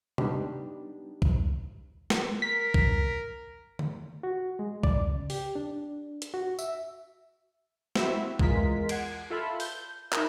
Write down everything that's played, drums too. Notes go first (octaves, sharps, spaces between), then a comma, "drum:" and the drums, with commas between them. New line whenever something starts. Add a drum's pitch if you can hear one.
G3 B3 D4 D#4 G4, drum: tom C3
drum: kick
drum: snare
A#4 B6
drum: kick
drum: tom D3
F#4
G#3
D5, drum: kick
C#3
G4, drum: open hi-hat
D4
drum: hi-hat
F#4
E5, drum: tambourine
C4 E4 F#4 E5, drum: snare
E2 G#3 F4 A#4 B6, drum: kick
F#5 G#6 C7 D7, drum: cymbal
F4 A4 E5 F5 B5 C6
G6, drum: open hi-hat
D#4 E4 A#4, drum: clap